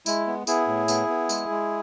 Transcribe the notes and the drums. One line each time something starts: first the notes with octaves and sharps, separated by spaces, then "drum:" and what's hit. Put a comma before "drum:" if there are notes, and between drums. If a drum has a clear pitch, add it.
G#3 E4, drum: tambourine
B3
B3 E4 G#4, drum: tambourine
A2
B3, drum: tambourine
B3
G#3, drum: tambourine
G#3